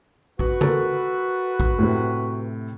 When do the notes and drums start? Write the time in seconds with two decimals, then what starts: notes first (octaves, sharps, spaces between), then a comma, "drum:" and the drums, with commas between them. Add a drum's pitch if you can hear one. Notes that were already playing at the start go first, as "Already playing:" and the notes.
0.39 F#4 B4, drum: kick
0.61 A4 A#4, drum: tom C#3
1.60 drum: kick
1.78 A2 C3